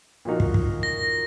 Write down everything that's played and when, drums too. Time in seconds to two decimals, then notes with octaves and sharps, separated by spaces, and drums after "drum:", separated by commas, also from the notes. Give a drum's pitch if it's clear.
0.25 A#2 F3 A#3 D#4 F#4
0.40 drum: kick
0.54 drum: kick
0.83 A#6